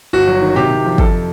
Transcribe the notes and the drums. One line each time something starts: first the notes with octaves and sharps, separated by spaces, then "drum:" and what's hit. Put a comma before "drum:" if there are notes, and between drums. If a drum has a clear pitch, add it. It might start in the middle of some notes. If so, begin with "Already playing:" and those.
G1 F#4
F#3
D#3
C3 G4
C3
F3
F2 A4, drum: kick